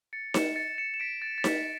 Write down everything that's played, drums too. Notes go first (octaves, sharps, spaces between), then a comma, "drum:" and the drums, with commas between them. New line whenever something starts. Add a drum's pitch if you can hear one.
A6 C#7
C#7 E7, drum: snare D#4
A6 C#7
C#7 E7
E7
B6 D7
A6
A6
B6, drum: snare D#4